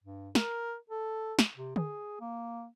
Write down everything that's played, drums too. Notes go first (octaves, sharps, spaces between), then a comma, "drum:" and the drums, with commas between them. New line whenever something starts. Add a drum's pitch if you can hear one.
G2
A#4, drum: snare
A4
drum: snare
C3
G#4, drum: tom D3
A#3